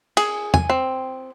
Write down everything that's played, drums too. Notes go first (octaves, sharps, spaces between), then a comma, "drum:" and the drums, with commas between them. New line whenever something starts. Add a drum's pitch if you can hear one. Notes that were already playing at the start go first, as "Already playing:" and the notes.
G#4, drum: cymbal
G#5, drum: tom
C4